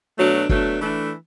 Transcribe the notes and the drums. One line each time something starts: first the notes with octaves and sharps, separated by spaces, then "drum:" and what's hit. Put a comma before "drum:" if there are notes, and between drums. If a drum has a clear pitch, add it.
B2 F#3 A3 D4
B2 F#3 A3 D4, drum: kick
E3 A3 D4